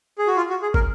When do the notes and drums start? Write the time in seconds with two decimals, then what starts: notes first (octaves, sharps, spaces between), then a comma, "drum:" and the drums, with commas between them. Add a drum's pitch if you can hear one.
0.18 G#4
0.27 F#4
0.37 F4
0.50 F#4
0.62 G#4
0.74 A#4, drum: kick